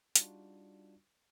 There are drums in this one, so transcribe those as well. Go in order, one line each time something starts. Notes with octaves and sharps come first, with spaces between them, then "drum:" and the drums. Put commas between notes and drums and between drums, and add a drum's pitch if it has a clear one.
G3 D4 D#4 F4 F#4, drum: hi-hat